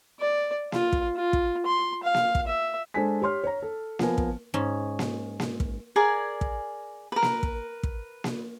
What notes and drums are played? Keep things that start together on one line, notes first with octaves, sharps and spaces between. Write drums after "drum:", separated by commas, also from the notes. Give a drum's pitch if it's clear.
D5
F4, drum: snare A#3
drum: kick
F4
drum: kick
C6
F5
drum: snare A#3
drum: kick
E5
G#3 D4 A4 C5 G#5 B6
G4 C#5 C6 F6
C#5 A#5
A4
F3 B3 A#4 G#5, drum: snare A#3
drum: kick
G#2 C#4
drum: snare A#3
drum: snare A#3
drum: kick
G#4 A#4 D5 G#5
drum: kick
A#4 B4
drum: snare A#3
drum: kick
drum: kick
drum: snare A#3